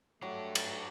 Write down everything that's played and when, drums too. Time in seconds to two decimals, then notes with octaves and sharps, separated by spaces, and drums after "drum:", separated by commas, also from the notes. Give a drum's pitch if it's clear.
0.22 F#3 A3 D4 G4
0.55 drum: cymbal